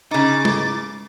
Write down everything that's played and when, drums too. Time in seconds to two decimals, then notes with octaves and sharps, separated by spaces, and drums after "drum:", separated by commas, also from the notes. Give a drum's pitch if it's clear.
0.11 C#3 D#4 D6 A6
0.45 drum: tom